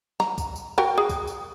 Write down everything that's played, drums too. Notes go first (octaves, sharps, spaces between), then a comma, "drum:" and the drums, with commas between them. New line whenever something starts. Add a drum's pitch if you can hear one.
A#5, drum: snare
drum: kick, tambourine
drum: tambourine
F#4 A#4 G5
G#4
drum: kick, tambourine
drum: tambourine